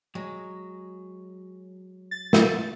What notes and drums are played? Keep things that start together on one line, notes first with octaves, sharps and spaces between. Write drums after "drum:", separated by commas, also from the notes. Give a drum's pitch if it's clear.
F#3 G#3
A6
drum: snare